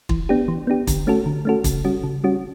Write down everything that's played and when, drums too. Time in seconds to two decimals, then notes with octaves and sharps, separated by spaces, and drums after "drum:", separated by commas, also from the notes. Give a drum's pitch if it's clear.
0.09 E3, drum: kick
0.29 B3 D4 G4
0.48 E3
0.67 B3 D4 G4
0.87 D3, drum: kick, hi-hat
1.07 A3 C#4 F#4 A4
1.26 D3
1.45 A3 C#4 F#4 A4
1.64 C#3, drum: kick, hi-hat
1.85 G3 C#4 F#4
2.04 C#3
2.24 G3 C#4 F#4